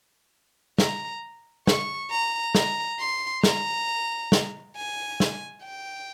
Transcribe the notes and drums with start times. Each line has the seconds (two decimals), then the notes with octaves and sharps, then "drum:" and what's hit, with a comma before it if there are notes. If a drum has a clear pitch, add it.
0.78 A#5, drum: snare
1.67 C#6, drum: snare
2.10 A#5
2.55 A#5, drum: snare
3.00 C6
3.43 A#5, drum: snare
4.32 drum: snare
4.76 G#5
5.20 drum: snare
5.64 G5